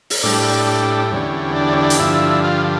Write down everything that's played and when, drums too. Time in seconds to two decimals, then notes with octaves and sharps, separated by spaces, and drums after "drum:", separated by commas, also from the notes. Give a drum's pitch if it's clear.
0.10 drum: open hi-hat
0.23 A2 G3 D4
1.12 E2 D3 G3 C#4
1.56 D4
1.72 C#4
1.78 D4
1.90 drum: hi-hat
2.00 G2 D3 F3 E4
2.44 F4